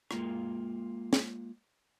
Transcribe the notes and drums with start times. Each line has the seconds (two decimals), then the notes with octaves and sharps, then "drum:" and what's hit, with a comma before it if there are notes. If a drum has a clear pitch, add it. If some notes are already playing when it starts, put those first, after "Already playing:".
0.11 G#3 A#3 F4 A#5, drum: rim click
1.13 drum: snare